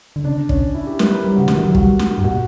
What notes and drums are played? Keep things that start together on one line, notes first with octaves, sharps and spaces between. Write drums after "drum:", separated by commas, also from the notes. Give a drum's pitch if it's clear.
D3
C#3 D4
C#4, drum: kick
E4
G4
B4, drum: snare
A#4
G3 G4
C#3 F#4
D3 A#4, drum: snare
E3
F#3
G3 F#4, drum: kick
drum: snare
G4
G2
A#2 F#4